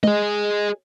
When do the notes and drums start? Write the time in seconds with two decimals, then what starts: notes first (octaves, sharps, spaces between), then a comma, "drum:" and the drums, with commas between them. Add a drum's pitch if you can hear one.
0.04 G#4 D#5, drum: tom